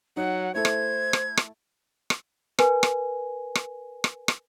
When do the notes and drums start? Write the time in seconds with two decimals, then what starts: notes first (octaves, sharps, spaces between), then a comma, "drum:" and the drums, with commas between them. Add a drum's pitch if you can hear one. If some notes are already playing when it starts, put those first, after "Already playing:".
0.17 F#3 D#4 F#5
0.55 A3 E4 A4 C5 G#6
0.65 drum: rim click
1.13 drum: rim click
1.37 drum: rim click
2.10 drum: rim click
2.59 A#4 B4 G#5, drum: rim click
2.83 drum: rim click
3.55 drum: rim click
4.04 drum: rim click
4.28 drum: rim click